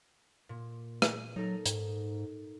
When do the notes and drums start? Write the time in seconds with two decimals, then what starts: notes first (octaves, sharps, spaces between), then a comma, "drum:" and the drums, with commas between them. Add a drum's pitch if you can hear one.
0.49 A#2
1.02 drum: rim click
1.36 F#3 D#4 A4 A#4
1.66 G#2, drum: hi-hat